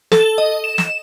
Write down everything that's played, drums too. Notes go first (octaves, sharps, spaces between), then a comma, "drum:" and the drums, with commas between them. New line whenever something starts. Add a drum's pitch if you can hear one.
A4, drum: snare
D#5
E7
drum: snare